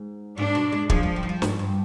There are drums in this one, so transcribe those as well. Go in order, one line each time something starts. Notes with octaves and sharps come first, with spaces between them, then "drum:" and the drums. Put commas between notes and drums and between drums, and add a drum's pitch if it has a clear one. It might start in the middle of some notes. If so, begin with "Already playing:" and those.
Already playing: G#2
G#2 D4
B2
G#3
F3 G#3, drum: kick
G#3
G3
D#3
F3
G#2, drum: snare
G2